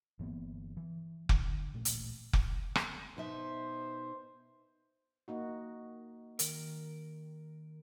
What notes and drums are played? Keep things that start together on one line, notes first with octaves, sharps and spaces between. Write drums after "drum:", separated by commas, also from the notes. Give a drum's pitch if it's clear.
G1 E3 A#3 B3
E3
D3, drum: kick F1
D1 A1 A#2 A3
drum: hi-hat
drum: kick F1
drum: rim click
B2 D#4 C5 E5
A#3 D#4 F#4
D#3 A#4, drum: hi-hat